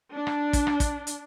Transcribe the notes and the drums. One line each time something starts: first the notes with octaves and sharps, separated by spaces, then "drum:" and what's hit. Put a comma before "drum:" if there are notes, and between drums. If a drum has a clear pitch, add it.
D4
drum: rim click
drum: kick, hi-hat
drum: rim click
drum: kick, hi-hat
drum: hi-hat